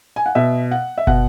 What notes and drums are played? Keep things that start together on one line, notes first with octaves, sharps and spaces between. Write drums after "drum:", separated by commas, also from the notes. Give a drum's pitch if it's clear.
G#5
F#5
B2 E5
F#5
E5
B2 F#5, drum: kick